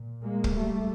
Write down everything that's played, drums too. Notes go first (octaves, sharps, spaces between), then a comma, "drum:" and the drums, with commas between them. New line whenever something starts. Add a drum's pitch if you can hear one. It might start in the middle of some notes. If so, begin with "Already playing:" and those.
Already playing: A#2
G#3 A#3
drum: kick
G3 A3